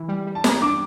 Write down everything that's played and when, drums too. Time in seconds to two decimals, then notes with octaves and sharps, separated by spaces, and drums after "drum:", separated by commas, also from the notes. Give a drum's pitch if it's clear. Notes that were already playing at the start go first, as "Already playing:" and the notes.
Already playing: E3
0.08 G3
0.27 G3
0.35 A5
0.44 G4, drum: snare
0.49 A#5
0.62 D4 D6